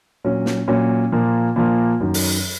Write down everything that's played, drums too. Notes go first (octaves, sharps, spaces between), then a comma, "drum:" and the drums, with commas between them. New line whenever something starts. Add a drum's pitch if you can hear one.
A#2 F#3 C#4
drum: snare
A#2 F#3 C#4
A#2 F3 A#3
A#2 F3 A#3
F#2 D#3 F#3
drum: open hi-hat